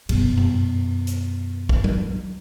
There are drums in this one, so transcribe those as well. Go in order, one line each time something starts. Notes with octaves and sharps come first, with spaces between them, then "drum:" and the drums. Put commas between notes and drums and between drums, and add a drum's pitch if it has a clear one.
F#2 B2, drum: cymbal
drum: tom G2
drum: hi-hat
drum: kick
drum: tom F#3